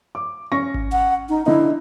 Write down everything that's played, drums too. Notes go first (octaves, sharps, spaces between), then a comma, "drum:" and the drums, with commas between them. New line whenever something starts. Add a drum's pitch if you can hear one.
D6
C#4 C#6 A#6
drum: kick G#1
F#5
D#4
D3 D#4 E4